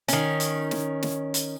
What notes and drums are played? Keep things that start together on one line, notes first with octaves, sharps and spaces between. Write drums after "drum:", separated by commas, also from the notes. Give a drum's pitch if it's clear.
D#3 C#4, drum: hi-hat
drum: hi-hat
drum: snare
drum: snare
drum: hi-hat